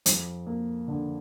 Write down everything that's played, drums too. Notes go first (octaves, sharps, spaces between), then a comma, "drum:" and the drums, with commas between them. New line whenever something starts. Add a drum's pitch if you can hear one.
F2, drum: hi-hat
A#3
D3